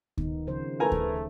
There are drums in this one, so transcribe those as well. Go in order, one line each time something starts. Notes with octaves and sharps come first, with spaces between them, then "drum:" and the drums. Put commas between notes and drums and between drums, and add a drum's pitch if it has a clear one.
D#3 B3 D#4, drum: kick D2
C#3 F3 C5
A3 A#4 B4 G#5 A#5
drum: kick D2